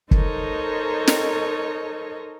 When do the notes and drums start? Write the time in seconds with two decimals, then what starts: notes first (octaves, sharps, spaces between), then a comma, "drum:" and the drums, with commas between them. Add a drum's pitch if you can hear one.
0.11 D#4 A4 A#4 C5 C#5 D#5, drum: kick
1.07 drum: snare